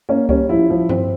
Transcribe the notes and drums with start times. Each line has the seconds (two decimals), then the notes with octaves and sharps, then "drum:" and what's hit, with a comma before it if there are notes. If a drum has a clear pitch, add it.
0.09 A#3 C#4
0.29 G3 C#4, drum: kick C#2
0.49 F3 E4
0.70 F3
0.89 C4, drum: tom G2